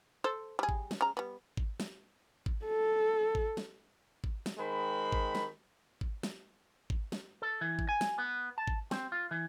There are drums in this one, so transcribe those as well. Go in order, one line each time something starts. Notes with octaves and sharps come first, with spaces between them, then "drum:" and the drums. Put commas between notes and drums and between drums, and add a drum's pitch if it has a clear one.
A4 C5
G3 G#4
drum: kick G#1
drum: snare
C#3 A#5
G3 B3
drum: kick G#1
drum: snare
drum: kick G#1
A4
drum: kick G#1
drum: snare
drum: kick G#1
drum: snare
D#3 G#3 C4 B5
drum: kick G#1
drum: snare
drum: kick G#1
drum: snare
drum: kick G#1
drum: snare
A4
E3
drum: kick G#1
G#5
drum: snare
B3
A5
drum: kick G#1
C4, drum: snare
F4
E3